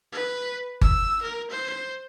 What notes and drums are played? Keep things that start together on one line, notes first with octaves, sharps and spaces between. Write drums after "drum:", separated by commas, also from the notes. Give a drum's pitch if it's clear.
B4
E6, drum: kick G1
A#4
C5